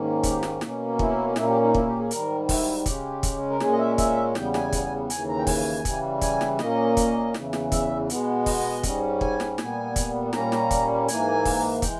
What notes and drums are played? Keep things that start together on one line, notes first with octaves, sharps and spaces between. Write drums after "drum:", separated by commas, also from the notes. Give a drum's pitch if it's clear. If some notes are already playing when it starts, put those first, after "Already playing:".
Already playing: G#2 D#3 A#3 C#4
G4, drum: kick, hi-hat
drum: snare
B2 A#3 C#4, drum: snare
E4, drum: kick
A#2 A#3 C#4 E4, drum: snare
G4
D#4
E4, drum: kick
G4
G#4
G#2 D#3 G3 A#4, drum: hi-hat
E4, drum: kick, open hi-hat
C#3 G#3 C#4 G4, drum: kick, hi-hat
drum: kick, hi-hat
A#4
A#2 G#3 C#4 G#4, drum: snare
D#5
E5
E5, drum: kick, hi-hat
E2 C#3 G3 B3 G5, drum: snare
G#5, drum: snare
drum: kick, hi-hat
D#2 C#3 E3 G#5, drum: hi-hat
A#5
G5
G#5, drum: kick, open hi-hat
C#3 E3 G3, drum: kick, hi-hat
G#5, drum: kick, hi-hat
drum: snare
A#2 A#3 C#4 D#5, drum: snare
drum: kick, hi-hat
E2 C#3 E3, drum: snare
drum: snare
E5, drum: kick, hi-hat
B2 G#3 B3, drum: hi-hat
D#5, drum: kick, open hi-hat
G#2 G3 C#4, drum: kick, hi-hat
G#5, drum: kick
drum: snare
A#2 G3 B3 G#5, drum: snare
drum: kick, hi-hat
A#2 G3 A#3 C#4 A#5, drum: snare
drum: snare
drum: kick, hi-hat
G#2 E3 A#3 G#5, drum: hi-hat
drum: kick, open hi-hat
E3 G#3 G5, drum: kick, hi-hat